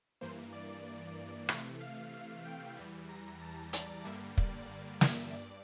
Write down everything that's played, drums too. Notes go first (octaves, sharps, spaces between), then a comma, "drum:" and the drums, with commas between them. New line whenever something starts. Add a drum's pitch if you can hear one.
G2 E3 A#3 C5
D5
C3 E3 A3 F5, drum: rim click
F5
F5
G5
E2 E3 G3
A#5
A5
D5, drum: hi-hat
G2 D3 G3 A#3 E5
D5, drum: kick
E5, drum: snare
G2 D5